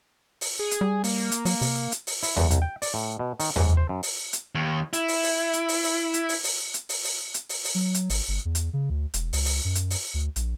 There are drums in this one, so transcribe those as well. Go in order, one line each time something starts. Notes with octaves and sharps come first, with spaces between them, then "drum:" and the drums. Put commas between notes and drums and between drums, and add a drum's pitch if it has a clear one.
drum: open hi-hat
G#4
drum: hi-hat
G3
A#3, drum: open hi-hat
drum: hi-hat
F#3, drum: open hi-hat
C3, drum: open hi-hat
drum: hi-hat
drum: open hi-hat
E4, drum: open hi-hat
E2, drum: tom E2
C2, drum: hi-hat
G5
D5, drum: open hi-hat
A2
B2
D#3, drum: open hi-hat
G#2, drum: tom E2
C5
F#2
drum: open hi-hat
drum: hi-hat
D#2
E4, drum: hi-hat
drum: open hi-hat
drum: open hi-hat
drum: hi-hat
drum: open hi-hat
drum: open hi-hat
drum: hi-hat
drum: open hi-hat
drum: open hi-hat
drum: hi-hat
drum: open hi-hat
drum: open hi-hat
drum: hi-hat
drum: open hi-hat
drum: open hi-hat
F#3
drum: hi-hat
G#1, drum: open hi-hat
G1
E2
drum: hi-hat
C#3
D2
E1, drum: hi-hat
C#2, drum: open hi-hat
drum: open hi-hat
F#2
drum: hi-hat
drum: open hi-hat
D2
A#1, drum: hi-hat